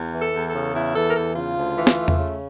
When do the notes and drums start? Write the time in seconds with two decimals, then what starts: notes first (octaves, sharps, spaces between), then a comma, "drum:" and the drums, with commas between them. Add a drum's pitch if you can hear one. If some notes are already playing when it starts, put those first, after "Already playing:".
Already playing: E2
0.14 E3
0.21 A4
0.33 E2
0.48 A4
0.54 C#3
0.74 E2 E4
0.95 E3 A4
1.10 A#4
1.15 E2 A4
1.35 C#3 F4
1.57 D2
1.77 E3
1.87 drum: snare
1.97 A3
2.08 drum: tom E2
2.17 C#3